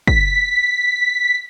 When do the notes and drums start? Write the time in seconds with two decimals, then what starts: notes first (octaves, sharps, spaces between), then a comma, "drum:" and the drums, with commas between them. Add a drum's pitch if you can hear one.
0.07 B6, drum: kick